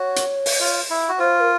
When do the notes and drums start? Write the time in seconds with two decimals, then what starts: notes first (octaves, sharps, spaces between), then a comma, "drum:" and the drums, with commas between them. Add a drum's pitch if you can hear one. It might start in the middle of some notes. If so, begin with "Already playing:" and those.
Already playing: F#4 C#5
0.16 drum: hi-hat
0.46 drum: open hi-hat
0.60 F4
0.90 E4
1.09 F#4
1.19 F4 C5
1.40 A#4